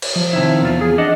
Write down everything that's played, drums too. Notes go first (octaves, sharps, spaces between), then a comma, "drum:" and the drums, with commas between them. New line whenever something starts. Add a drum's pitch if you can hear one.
drum: cymbal
F3
C3 D#3 E4
E2 F4
G#4
D4 D#5 F#5